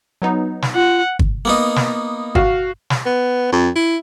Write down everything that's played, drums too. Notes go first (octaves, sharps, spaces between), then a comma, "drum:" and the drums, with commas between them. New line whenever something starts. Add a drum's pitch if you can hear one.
F#3 B3 D#4
drum: snare
F4 F#5
drum: kick
A#3 B3 D#4
drum: snare
F#4 F5, drum: kick
drum: snare
B3
F2
E4